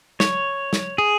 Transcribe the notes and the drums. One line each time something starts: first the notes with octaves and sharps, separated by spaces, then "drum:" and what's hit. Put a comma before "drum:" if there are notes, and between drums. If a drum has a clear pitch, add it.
C#5, drum: snare
drum: snare
G#4